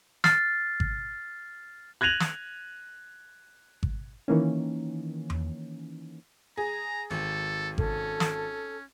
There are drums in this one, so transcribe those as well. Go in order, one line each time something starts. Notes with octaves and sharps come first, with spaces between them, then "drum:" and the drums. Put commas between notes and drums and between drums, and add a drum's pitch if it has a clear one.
F6 A6 C7, drum: snare
drum: kick G#1
F#6 G#6 A#6 D#7 F7 F#7
drum: snare
drum: kick G#1
D#3 E3 A#3 C#4
drum: tom E2
G#4 A#5
G#1 A4
C#4 A4, drum: kick G#1
drum: snare